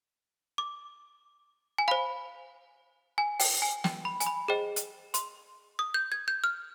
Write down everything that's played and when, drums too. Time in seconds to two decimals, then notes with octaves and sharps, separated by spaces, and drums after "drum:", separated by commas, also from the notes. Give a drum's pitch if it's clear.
0.58 D6
1.78 G#5
1.88 C5 F5 B5
3.18 G#5
3.40 G5, drum: open hi-hat
3.62 G#5
3.84 G5, drum: snare
4.05 B5
4.20 G#5, drum: hi-hat
4.26 B5
4.48 G#4 C5 D#5 G5
4.76 drum: hi-hat
5.14 C6, drum: hi-hat
5.79 D#6
5.94 G6
6.12 G#6
6.28 G6
6.44 F6